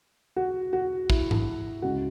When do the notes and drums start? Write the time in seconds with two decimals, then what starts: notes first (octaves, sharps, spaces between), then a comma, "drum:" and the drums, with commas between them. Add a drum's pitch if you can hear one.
0.36 F#4
0.73 F#4
1.10 E4, drum: kick
1.31 drum: tom G#2
1.82 C#2 C#3 G#3 F#4